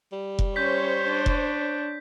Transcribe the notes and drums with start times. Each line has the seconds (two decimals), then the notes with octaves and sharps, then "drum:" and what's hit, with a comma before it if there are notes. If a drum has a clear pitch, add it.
0.12 G3
0.39 drum: kick F1
0.56 C#4 C5 C#5 G6 B6
1.04 D4
1.26 drum: kick F1